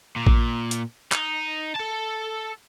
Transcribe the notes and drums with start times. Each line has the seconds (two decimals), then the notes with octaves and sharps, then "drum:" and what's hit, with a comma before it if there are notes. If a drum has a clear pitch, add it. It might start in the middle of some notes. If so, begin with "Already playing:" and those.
0.16 A#2
0.27 drum: kick A1
0.71 drum: hi-hat
1.12 D#4, drum: clap
1.76 A4 A5